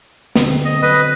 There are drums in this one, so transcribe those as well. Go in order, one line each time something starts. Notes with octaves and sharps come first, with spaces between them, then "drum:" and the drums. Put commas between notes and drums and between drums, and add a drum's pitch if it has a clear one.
D3 B3 C4, drum: snare
D#5
F#3 B4 D#5